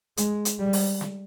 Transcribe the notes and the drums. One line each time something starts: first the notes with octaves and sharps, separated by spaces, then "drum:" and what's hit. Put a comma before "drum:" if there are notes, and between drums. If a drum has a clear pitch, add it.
G#3, drum: hi-hat
drum: hi-hat
G3
drum: open hi-hat
drum: snare